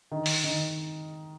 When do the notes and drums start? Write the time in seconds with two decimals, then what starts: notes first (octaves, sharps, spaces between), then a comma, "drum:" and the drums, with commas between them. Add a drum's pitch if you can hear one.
0.12 D#3
0.26 drum: open hi-hat
0.44 D#3